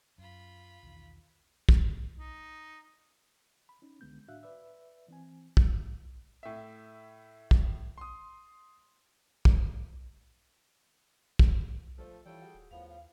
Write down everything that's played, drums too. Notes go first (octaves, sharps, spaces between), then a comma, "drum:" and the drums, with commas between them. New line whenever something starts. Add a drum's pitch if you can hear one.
F#2 F4 B5
B1 E2 D#3
drum: kick
D#4
B5
C#4 D#4
C2 D3 G#3 B3 G6
A2 D4 F#4 E5 F5 F#6
B4 D5 E5
E3 C4 G#5
drum: kick
A2 E5
drum: kick
C6 D#6
drum: kick
drum: kick
F3 A3 F4 A4 C5
E3 G3 E4 F4 A4 C#5 G5
F#4 G#4
D#1
D#2 A2 F3 B3 F5 F7
F5